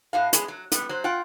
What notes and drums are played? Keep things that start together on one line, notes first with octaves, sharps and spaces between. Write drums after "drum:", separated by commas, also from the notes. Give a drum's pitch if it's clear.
A2 F#4 F5
G#3 B3, drum: hi-hat
F#3
G3 B3, drum: hi-hat
F#3 C5
F4 F#5 G5